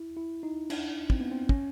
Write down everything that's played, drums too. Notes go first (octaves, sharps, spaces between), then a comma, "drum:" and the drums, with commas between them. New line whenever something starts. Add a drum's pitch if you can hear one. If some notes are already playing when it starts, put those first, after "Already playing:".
Already playing: E4
E4
D#4
D4, drum: cymbal
C4, drum: kick
B3
C4
C#4, drum: kick